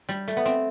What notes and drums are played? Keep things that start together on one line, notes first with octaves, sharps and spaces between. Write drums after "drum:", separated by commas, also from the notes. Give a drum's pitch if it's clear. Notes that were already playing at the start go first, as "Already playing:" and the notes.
G3, drum: hi-hat
A3, drum: hi-hat
B3
C4, drum: hi-hat